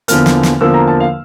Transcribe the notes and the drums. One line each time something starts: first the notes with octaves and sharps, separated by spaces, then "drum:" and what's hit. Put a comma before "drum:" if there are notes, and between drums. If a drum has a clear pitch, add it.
E2 D3 F3 A#3 F6, drum: hi-hat
drum: snare
drum: snare
E2 D3 F3 A#3 E6
A#5
A5
F5